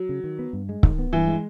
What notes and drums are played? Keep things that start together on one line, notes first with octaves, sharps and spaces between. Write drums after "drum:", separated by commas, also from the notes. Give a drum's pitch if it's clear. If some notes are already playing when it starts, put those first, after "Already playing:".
Already playing: F#3
C#3
D#3
B3
G2
G#3
D#3, drum: kick C#1
B3
G2 E3
G#3